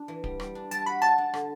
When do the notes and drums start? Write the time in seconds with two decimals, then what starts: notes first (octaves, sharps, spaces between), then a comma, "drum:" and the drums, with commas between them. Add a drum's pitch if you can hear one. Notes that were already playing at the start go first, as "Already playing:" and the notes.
Already playing: D4
0.08 E3
0.24 G3, drum: kick D1
0.40 G3, drum: rim click
0.55 D4
0.71 G3 A5, drum: hi-hat
0.86 F#4 B5
1.02 F#4 A5, drum: rim click
1.18 D4
1.34 D3, drum: rim click